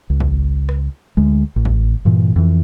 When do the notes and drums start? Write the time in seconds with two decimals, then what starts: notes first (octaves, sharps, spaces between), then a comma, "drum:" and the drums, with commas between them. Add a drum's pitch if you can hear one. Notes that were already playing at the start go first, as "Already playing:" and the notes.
0.10 C#2
0.20 drum: kick
0.69 drum: rim click
1.17 D2 G#3
1.56 A1
1.65 drum: kick
2.05 G2 A#2 E3
2.36 F2 E3